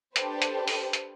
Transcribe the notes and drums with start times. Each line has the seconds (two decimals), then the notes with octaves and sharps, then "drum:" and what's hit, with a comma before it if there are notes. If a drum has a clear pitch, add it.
0.16 D4 G4 A4 B4 C5, drum: hi-hat
0.42 drum: hi-hat
0.68 drum: open hi-hat
0.93 drum: hi-hat